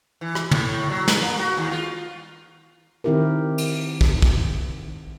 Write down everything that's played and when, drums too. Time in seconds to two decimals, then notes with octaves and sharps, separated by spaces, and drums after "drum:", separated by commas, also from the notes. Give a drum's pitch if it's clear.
0.21 E3
0.35 drum: rim click
0.51 A2, drum: tom
0.64 A2
0.90 F#3
1.08 B4, drum: snare
1.21 A#3
1.39 F#4
1.57 D#2
1.71 F4
3.04 D#3 C4 E4 G4 A#4
3.58 drum: cymbal
4.01 drum: kick
4.22 drum: kick